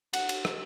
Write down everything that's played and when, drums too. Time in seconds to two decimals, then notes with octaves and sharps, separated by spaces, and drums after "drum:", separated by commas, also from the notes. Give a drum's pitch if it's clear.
0.13 F#5, drum: cymbal
0.29 drum: cymbal
0.45 drum: rim click